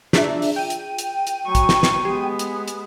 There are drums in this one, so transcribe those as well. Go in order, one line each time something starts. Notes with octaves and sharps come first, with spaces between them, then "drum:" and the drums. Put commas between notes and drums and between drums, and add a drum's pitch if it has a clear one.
D4 F4 G#4 D5 E5, drum: snare
drum: open hi-hat
G5 D#7
drum: hi-hat
drum: hi-hat
drum: hi-hat
F#3 C#6
drum: kick, hi-hat
drum: snare
drum: snare
G#3 B3 G4
drum: hi-hat
drum: hi-hat